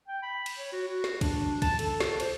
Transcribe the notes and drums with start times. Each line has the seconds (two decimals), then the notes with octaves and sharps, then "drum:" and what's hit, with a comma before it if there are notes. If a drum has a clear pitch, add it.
0.08 G5
0.23 B5
0.46 drum: cymbal
0.58 C#5
0.73 F#4
0.88 F#4
1.04 drum: snare
1.21 D4, drum: kick, cymbal
1.62 A5, drum: kick, cymbal
1.79 A4, drum: cymbal
2.00 drum: snare
2.20 C5, drum: cymbal